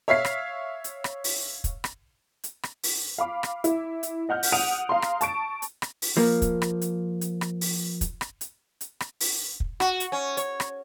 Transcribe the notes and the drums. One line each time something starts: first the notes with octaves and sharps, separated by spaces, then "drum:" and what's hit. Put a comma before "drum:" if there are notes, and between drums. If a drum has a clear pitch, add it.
C#5 E5 F5 B6 C7
drum: rim click
drum: hi-hat
drum: rim click
drum: open hi-hat
drum: kick, hi-hat
drum: rim click
drum: hi-hat
drum: rim click
drum: open hi-hat
F5 B5 D6
drum: rim click
E4, drum: hi-hat
drum: hi-hat
D#5 F#5 F6 G6
drum: open hi-hat
F#5 D#6 D7 D#7 F7
F5 A#5 C6
drum: rim click
A5 C#6 D7, drum: hi-hat
drum: hi-hat
drum: rim click
drum: open hi-hat
F3 A#3
drum: kick, hi-hat
drum: rim click
drum: hi-hat
drum: hi-hat
drum: rim click
drum: open hi-hat
drum: kick, hi-hat
drum: rim click
drum: hi-hat
drum: hi-hat
drum: rim click
drum: open hi-hat
drum: kick
F#4, drum: rim click
drum: hi-hat
C#4
C#5, drum: hi-hat
drum: rim click